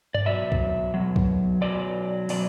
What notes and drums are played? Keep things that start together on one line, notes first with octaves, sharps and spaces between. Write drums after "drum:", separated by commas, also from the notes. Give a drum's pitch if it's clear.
D5, drum: tom G2
B2 F#3 E5
drum: kick
B2 F#3
drum: kick
B2 F#3 D5
B2 F#3 D5, drum: open hi-hat